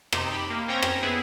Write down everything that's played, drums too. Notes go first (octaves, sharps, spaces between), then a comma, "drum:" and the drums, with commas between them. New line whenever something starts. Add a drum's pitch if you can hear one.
C3 D#4, drum: rim click
G4 B5
A#3
C4 C#4 G5 A#5 G#6 A#6
drum: rim click
B3 E4 G#4